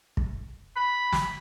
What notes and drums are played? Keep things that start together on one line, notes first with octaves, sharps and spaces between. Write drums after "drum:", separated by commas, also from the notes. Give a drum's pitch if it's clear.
drum: kick
B5
drum: snare